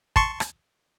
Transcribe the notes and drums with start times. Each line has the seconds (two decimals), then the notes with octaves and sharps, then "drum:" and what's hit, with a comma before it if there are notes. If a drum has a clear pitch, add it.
0.16 A5 C6 C#6, drum: kick
0.40 drum: rim click